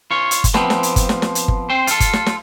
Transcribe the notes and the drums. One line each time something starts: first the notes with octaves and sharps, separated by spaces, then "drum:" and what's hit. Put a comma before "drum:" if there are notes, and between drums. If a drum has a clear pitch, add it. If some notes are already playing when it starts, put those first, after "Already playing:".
F4 C#5
drum: hi-hat
drum: kick G1, hi-hat
F3 B3 C4, drum: snare
drum: snare
drum: hi-hat
drum: kick G1, hi-hat
drum: snare
drum: snare
drum: hi-hat
drum: kick G1
C4 C5
F4 A4, drum: hi-hat
drum: kick G1, hi-hat
drum: snare
drum: snare